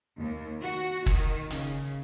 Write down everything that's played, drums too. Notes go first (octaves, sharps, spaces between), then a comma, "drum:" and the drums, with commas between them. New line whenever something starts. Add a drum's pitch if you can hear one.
D#2
F#4
D#3, drum: kick
C#3, drum: hi-hat